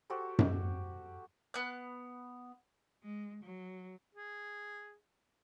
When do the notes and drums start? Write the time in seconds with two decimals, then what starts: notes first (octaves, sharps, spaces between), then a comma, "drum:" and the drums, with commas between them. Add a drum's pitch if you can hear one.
0.10 F#4 G4 A4 C5
0.39 drum: tom F#2
1.54 B3 F#6
3.03 G#3
3.43 F#3
4.15 G#4